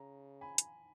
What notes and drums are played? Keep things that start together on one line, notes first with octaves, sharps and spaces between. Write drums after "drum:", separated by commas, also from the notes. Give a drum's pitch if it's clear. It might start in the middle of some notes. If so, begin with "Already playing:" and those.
Already playing: C#3 A#5
G#5 B5
drum: hi-hat